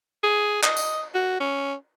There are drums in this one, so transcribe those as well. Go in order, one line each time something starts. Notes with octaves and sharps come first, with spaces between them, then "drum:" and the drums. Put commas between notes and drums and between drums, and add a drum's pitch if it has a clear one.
G#4
D#5, drum: clap
drum: tambourine
F#4
C#4